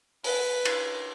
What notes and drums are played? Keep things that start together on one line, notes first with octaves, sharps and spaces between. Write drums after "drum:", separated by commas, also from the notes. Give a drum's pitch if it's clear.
B4, drum: open hi-hat
drum: cymbal